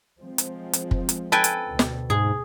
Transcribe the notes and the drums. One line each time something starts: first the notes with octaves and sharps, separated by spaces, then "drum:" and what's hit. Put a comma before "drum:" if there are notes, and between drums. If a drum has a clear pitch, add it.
F3 G#3 C4
drum: hi-hat
drum: hi-hat
drum: kick
drum: hi-hat
A4 B4 G5 G#5
drum: hi-hat
D2 B2
drum: snare
G#2 G#4